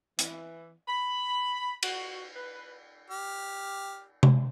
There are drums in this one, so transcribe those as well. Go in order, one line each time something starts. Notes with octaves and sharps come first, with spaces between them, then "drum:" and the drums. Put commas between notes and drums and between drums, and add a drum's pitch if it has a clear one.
E3, drum: hi-hat
B5
F#4, drum: cymbal
B4
G4 F6
drum: tom C3